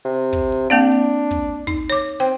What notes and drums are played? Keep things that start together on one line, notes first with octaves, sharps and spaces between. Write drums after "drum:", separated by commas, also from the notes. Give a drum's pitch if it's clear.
C3
drum: kick
drum: hi-hat
A#3 C4 D4 F5
drum: hi-hat
drum: kick, hi-hat
D#4, drum: kick, hi-hat
C#5 D6
drum: hi-hat
C4 G5